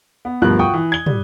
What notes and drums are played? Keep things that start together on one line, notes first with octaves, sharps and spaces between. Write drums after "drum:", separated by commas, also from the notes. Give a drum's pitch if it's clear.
B3
D2 G2 B2 F3 A#4 F#6
F4 F#4 G5 C#6 D#6
E3
G#6 G7
G3, drum: tom